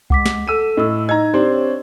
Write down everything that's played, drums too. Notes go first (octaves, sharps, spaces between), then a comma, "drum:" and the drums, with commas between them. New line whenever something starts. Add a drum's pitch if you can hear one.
G#3 F#5 D6 B6, drum: kick C2
drum: snare
A4 E6 D#7
A2 D#5 E6
D#4 D#5 A#5 G#6
C4 D4 G4 C5
C#5